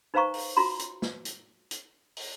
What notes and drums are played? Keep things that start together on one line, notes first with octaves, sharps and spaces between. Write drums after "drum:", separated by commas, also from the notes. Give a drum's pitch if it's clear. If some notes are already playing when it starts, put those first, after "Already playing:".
D#4 B4 C5 F5 A#5 C#6
drum: open hi-hat
F4 F#4 A#5 C6
drum: hi-hat
drum: snare
drum: hi-hat
drum: hi-hat
drum: open hi-hat